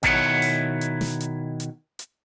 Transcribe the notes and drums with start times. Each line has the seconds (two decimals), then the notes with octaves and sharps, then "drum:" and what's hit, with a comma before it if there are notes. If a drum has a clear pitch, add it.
0.03 B2 D#3 E4 A#4 C#5 F#5, drum: kick A1, hi-hat
0.42 drum: open hi-hat
0.81 drum: hi-hat
1.01 drum: snare
1.20 drum: hi-hat
1.60 drum: hi-hat
1.99 drum: hi-hat